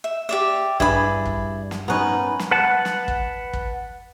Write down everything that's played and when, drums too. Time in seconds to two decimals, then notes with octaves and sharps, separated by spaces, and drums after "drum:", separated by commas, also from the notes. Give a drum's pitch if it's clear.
0.04 E5
0.29 G4 D5 E5
0.80 G2 E4 G#4 D5 B5, drum: kick
1.26 drum: kick
1.71 drum: snare
1.88 B3 C#4 D#4 A#4 B4
2.39 drum: snare
2.51 B4 F#5 A5
2.85 drum: snare
3.08 drum: kick
3.53 drum: kick